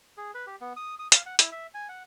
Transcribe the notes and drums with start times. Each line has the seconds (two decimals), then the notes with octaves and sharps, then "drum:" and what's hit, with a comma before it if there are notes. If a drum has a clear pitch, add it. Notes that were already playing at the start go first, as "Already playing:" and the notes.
0.17 G#4
0.34 B4
0.47 G4
0.61 B3
0.77 D#6
0.99 D#6
1.12 F5, drum: hi-hat
1.26 F#5
1.39 E4, drum: hi-hat
1.52 E5
1.74 G#5
1.89 F#5